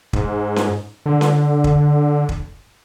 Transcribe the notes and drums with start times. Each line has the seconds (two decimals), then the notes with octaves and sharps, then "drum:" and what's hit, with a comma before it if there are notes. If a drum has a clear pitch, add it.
0.13 G#2, drum: kick
0.56 drum: snare C#4
1.06 D3
1.21 drum: snare C#4
1.64 drum: kick
2.29 drum: kick